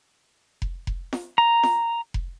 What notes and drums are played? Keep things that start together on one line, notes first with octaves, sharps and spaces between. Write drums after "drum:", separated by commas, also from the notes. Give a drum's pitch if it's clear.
drum: kick F1
drum: kick F1
drum: snare F4
A#5
drum: snare F4
drum: kick F1